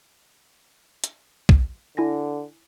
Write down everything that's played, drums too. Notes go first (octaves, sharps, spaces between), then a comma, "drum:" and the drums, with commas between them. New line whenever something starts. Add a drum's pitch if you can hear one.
drum: hi-hat
drum: kick
D3 E4 G#5 A#6